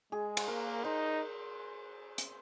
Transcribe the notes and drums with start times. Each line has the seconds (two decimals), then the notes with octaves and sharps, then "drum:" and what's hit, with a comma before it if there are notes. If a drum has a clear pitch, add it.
0.12 G#3 G#4
0.37 C5, drum: cymbal
0.48 A#3 A#4
0.84 D#4 C5
2.18 drum: hi-hat